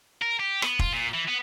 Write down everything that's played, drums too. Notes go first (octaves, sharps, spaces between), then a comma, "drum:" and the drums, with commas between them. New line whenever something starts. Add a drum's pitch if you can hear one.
A#4
G4
B3, drum: rim click
F4, drum: kick
A#2
E3
B3